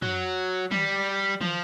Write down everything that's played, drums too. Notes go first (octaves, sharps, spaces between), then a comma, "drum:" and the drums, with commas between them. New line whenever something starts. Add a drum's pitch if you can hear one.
F#3, drum: tom
G3, drum: tom
F3, drum: tom